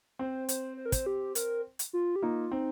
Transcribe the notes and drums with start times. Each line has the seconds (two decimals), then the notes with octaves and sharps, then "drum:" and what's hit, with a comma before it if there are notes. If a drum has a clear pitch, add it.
0.19 C4 C5
0.49 C5, drum: hi-hat
0.77 C5
0.86 A#4
0.92 C5, drum: kick, hi-hat
1.06 G4
1.35 A#4, drum: hi-hat
1.79 drum: hi-hat
1.93 F4
2.16 G4
2.22 A#3 D#4 F4
2.52 C4 D#4